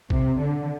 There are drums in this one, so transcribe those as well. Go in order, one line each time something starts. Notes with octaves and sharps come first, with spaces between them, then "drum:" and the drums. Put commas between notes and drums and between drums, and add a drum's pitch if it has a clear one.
C3, drum: kick A1
D3